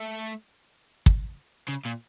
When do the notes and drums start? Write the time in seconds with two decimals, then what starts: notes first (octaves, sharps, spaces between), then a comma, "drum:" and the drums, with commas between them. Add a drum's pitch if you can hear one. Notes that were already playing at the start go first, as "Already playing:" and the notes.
Already playing: A3
1.06 drum: kick
1.69 C#3
1.86 A#2